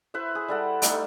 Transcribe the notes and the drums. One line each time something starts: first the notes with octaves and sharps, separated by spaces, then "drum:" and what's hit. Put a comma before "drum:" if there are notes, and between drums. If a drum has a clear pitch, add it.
E4 B4 C5 E5
G#4
G3 A4 F#5
G3 A3 D#4, drum: hi-hat